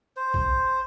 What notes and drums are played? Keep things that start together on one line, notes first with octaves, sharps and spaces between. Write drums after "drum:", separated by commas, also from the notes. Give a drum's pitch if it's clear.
C5
drum: kick